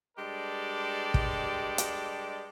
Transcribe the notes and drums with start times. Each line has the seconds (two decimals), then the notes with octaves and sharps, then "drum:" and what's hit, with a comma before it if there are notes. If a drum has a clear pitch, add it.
0.17 G2 G#3 G4 A4 D5
1.14 drum: kick
1.78 drum: hi-hat